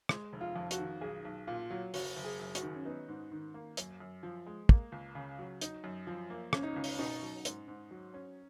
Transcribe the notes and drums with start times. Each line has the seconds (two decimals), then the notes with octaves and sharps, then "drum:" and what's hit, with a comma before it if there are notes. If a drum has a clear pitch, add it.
0.09 G#3, drum: rim click
0.33 F1
0.41 F4
0.56 F2
0.71 F#4, drum: hi-hat
0.79 D#3
1.01 B1 G#4
1.25 B1
1.47 A#2 F4
1.70 F#3
1.94 F#1 F#4, drum: open hi-hat
2.16 F#1
2.25 G#4
2.39 F#2
2.55 F#4, drum: hi-hat
2.62 D#3
2.75 C#4
2.85 B3 D#4
3.08 G#2
3.31 D#3
3.54 A#3
3.77 F#2, drum: hi-hat
4.00 F#2
4.23 F3
4.46 G#3
4.69 A#3, drum: kick
4.92 C#2
5.15 C#3
5.39 F#3
5.61 D#4, drum: hi-hat
5.84 F#2
6.07 F3
6.30 A#3
6.53 C#2 C#4, drum: rim click
6.63 D#4
6.73 C#2 C#4
6.84 drum: open hi-hat
6.99 B2 D#4
7.22 F#3
7.45 G#2, drum: hi-hat
7.68 G#2
7.91 F#3
8.14 C#4